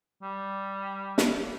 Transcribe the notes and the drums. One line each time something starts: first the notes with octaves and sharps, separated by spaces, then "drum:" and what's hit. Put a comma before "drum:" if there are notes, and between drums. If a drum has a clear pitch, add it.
G3
drum: snare